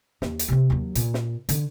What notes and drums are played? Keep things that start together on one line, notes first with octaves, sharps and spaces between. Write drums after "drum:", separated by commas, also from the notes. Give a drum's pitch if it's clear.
D#2, drum: snare
drum: hi-hat
C3 C4
D#2 F#3
A#2, drum: hi-hat
drum: snare
D3, drum: hi-hat